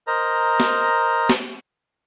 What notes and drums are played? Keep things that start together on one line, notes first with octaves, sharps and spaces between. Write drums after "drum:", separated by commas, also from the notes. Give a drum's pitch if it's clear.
A#4 C5 D#5 A#5
drum: snare
drum: snare